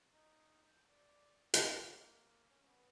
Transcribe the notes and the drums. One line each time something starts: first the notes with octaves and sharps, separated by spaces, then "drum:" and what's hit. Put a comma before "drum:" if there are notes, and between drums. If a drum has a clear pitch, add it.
D#4
G6
D5
A#3, drum: hi-hat
C#4
B3